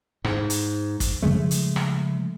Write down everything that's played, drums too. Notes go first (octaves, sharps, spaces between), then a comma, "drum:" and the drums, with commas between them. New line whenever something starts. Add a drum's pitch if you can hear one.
G#2, drum: rim click
drum: hi-hat
drum: kick, hi-hat
C#3 F3 G#3 A3
drum: hi-hat
drum: rim click